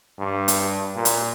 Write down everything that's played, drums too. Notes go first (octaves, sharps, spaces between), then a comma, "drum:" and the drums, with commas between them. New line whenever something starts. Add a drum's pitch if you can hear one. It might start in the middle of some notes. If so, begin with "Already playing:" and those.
G2
drum: hi-hat
A#2
drum: hi-hat